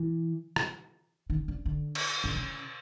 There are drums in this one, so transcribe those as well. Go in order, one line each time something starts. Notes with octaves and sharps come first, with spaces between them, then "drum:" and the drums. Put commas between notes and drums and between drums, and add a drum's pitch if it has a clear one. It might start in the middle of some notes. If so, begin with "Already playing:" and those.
Already playing: E3
drum: rim click
D#3
D3
D3
drum: cymbal
D3
C#3